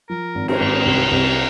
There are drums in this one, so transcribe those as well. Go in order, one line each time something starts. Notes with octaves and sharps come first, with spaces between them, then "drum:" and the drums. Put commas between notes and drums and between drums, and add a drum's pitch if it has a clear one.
F3 A#4
G#1
A#4, drum: cymbal
G#1
C2
C2